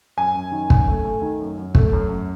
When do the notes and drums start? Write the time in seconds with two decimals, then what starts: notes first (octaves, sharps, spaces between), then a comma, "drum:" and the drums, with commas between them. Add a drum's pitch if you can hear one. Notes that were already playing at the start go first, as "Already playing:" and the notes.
0.17 F#2 G#5
0.35 F#2
0.51 D#3
0.70 F#2, drum: kick
0.88 A3
1.05 A3
1.22 D#3
1.40 F#2
1.57 F#2
1.75 A3, drum: kick
1.93 F#2
2.09 F#2